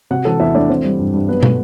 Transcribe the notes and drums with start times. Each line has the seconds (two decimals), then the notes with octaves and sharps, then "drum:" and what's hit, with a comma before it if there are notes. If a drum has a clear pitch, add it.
0.11 C3 F#4 F#5
0.25 E3 A4 A5
0.40 E2 E4 E5
0.55 A3 D4 D5
0.69 E3 C4 C5
0.84 G3
0.99 G2
1.13 G2
1.29 F#3 B3 B4
1.43 A3, drum: tom